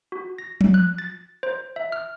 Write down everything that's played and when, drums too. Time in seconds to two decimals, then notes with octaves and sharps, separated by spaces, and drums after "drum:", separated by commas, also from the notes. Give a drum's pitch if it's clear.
0.12 F#4
0.38 A#6
0.61 drum: tom F3
0.74 F#6
0.98 A6
1.43 C5
1.76 E5
1.92 F6